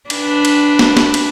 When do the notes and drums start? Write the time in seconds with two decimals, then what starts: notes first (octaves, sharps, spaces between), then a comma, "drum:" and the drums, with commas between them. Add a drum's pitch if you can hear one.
0.10 D4 B4, drum: cymbal
0.45 drum: cymbal
0.79 drum: snare
0.97 drum: snare
1.14 drum: cymbal